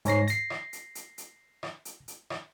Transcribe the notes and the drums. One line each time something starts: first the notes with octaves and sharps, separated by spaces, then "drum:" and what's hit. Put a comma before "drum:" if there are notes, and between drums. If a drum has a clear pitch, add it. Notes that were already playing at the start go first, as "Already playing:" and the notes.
G#2 C#5 A#6 C7, drum: hi-hat
A#6 C7, drum: hi-hat
drum: rim click
drum: hi-hat
drum: hi-hat
drum: hi-hat
drum: rim click
drum: hi-hat
drum: hi-hat
drum: rim click